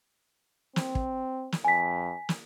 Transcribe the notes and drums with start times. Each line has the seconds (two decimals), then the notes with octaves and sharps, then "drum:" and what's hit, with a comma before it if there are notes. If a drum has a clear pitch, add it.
0.76 C4, drum: snare
0.95 drum: kick
1.52 drum: snare
1.65 F2 G#5 B6
2.29 drum: snare